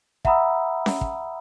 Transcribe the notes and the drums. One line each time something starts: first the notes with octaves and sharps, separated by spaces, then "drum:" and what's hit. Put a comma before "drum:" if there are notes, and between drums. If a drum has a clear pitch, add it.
E5 F#5 A#5 B5 D#6 E6, drum: kick
drum: snare C#4
drum: kick